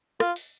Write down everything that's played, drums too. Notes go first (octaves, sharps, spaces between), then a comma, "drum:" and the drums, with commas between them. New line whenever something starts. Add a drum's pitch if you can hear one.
F4, drum: rim click
drum: open hi-hat